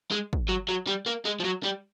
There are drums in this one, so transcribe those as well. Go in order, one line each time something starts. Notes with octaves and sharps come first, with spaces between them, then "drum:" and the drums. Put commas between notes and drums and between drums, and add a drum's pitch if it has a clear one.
G#3
drum: kick
F#3
F#3
G3
A#3
G#3
F3
F#3
G3